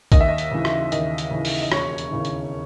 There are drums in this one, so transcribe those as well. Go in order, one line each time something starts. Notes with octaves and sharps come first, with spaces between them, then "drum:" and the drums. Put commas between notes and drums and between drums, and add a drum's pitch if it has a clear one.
D#2 D#5, drum: kick, hi-hat
E5
D#5
drum: hi-hat
C#3 E3
drum: rim click
D#2 D#5, drum: hi-hat
drum: hi-hat
C#3 E3
drum: open hi-hat
D#5
E1 C#5, drum: rim click
drum: hi-hat
D#2 C#3 E3
drum: hi-hat